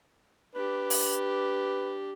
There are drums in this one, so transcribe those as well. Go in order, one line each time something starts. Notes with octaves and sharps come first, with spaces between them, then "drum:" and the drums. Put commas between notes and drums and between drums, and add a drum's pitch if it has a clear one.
D4 G4 B4
drum: open hi-hat